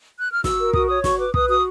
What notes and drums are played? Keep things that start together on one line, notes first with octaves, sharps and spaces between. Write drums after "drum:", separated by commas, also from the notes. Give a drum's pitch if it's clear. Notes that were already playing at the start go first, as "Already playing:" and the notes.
F#6
F6
F#4 E6, drum: snare
A#4
F#4 D#6, drum: kick
C#5 D#6
F#4 C#6, drum: snare
B4 D6
B4 D#6, drum: kick
F#4 D#6